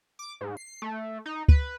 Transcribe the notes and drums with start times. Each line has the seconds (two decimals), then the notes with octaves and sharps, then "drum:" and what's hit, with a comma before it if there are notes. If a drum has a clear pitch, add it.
0.19 D6
0.41 G#2
0.57 C7
0.82 A3
1.26 D#4
1.48 B4, drum: kick